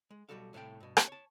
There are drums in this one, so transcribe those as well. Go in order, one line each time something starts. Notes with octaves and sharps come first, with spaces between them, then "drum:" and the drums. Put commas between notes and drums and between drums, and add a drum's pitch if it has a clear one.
G#3
B1 A2 G3 F#4 A4 F5
C2 A2 A3 F5 G5
G2 B2
drum: rim click
C#5 A5